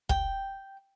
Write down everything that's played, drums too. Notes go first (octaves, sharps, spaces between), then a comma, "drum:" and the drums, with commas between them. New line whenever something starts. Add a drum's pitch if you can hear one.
G5, drum: kick